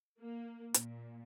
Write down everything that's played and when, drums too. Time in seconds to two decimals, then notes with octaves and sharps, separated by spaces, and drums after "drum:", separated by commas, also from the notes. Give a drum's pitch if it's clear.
0.20 A#3
0.74 A#2, drum: hi-hat